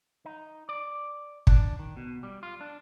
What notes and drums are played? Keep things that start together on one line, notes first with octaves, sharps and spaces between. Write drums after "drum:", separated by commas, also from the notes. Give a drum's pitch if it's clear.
D#4
D5
D4, drum: kick
D#3
B2
G3
F4
D4